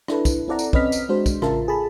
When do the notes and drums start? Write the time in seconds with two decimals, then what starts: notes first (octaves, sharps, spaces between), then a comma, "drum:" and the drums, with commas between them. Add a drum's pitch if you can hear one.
0.08 D4 E4 A4 B4, drum: rim click
0.25 drum: kick, tambourine
0.48 C4 E4 A4 D5 F#5 A#5
0.59 drum: tambourine
0.73 C4 C#4 B4 D#5 F6 B6, drum: kick
0.92 drum: tambourine
1.09 G#3 D4 F#4 C5
1.26 drum: kick, tambourine
1.42 A1 C#3 F4 A#4 E5 A5, drum: rim click
1.68 G#4 A4 A5 B5